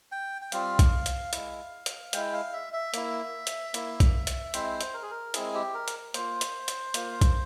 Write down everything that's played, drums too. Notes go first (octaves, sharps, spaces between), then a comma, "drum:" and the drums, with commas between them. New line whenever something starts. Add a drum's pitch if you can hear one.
G5
G5
G3 C4 F4 F5, drum: hi-hat
drum: kick B1, hi-hat
drum: hi-hat
G#3 E4, drum: hi-hat
drum: hi-hat
G#3 E4 G5, drum: hi-hat
F5
E5
E5
A#3 E4, drum: hi-hat
drum: hi-hat
A#3 E4, drum: hi-hat
drum: kick B1, hi-hat
drum: hi-hat
G#3 C4 E4 C5, drum: hi-hat
drum: hi-hat
A#4
G#4
A#4
G#3 C4 E4 G#4, drum: hi-hat
G4
A#4
drum: hi-hat
A#3 F4 C5, drum: hi-hat
drum: hi-hat
drum: hi-hat
A#3 F4, drum: hi-hat
drum: kick B1, hi-hat